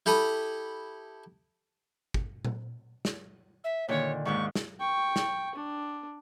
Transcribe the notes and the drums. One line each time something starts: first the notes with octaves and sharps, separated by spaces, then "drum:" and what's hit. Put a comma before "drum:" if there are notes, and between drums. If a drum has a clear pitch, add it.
E4 G4 A4 B5 D#6
drum: kick
drum: tom A#2
drum: snare
E5
A#2 D3 D#3 C#5
D#2 G#2 D#3 C#6
drum: snare
G5 C#6
drum: snare
D4